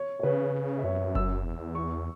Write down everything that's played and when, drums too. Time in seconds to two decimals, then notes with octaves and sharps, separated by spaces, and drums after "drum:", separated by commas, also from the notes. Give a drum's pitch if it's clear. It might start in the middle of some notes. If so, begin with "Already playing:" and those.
Already playing: C#5
0.19 C#5
0.23 C#3 B4
0.78 E5
0.84 F#2 C#5
1.15 E6, drum: kick F#1
1.45 E2
1.75 C#6